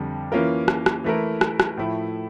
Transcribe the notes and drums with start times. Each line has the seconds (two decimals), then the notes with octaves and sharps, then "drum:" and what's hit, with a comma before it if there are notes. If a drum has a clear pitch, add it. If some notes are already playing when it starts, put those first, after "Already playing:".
Already playing: F2 D3 G3
0.32 E3 A#3 C#4 F4 A#4
0.68 drum: rim click
0.86 drum: rim click
1.04 E3 A3 E4 A#4
1.41 drum: rim click
1.60 drum: rim click
1.77 A2 F3 A3 E4